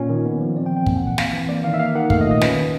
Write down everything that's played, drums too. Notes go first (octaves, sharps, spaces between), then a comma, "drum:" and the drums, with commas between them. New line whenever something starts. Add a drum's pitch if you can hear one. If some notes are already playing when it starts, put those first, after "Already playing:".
Already playing: A#2 C#4
D#3
B3
F3
C4 D5
G5
E3
G5
A#3 G#5, drum: kick
F#5
A#2
F#5
C4 F5, drum: snare
E3
A#3 D5
D#3 F5
E5
A#3 F5
D#3 F#5
A3 F5, drum: kick
D#5
A#2
D#5
C#4 B4, drum: snare
D#3